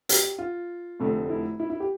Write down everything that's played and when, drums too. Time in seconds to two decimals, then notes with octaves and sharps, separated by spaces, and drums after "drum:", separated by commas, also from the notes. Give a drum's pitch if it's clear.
0.09 G4, drum: hi-hat
0.38 F4
0.99 F1 F2 D3 A3
1.29 E4
1.60 E4
1.70 E4
1.80 G4